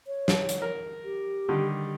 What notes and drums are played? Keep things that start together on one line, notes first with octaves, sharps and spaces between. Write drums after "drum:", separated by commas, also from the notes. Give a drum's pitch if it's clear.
C#5
drum: snare
drum: hi-hat
A#4
G4
D3 D#3 G3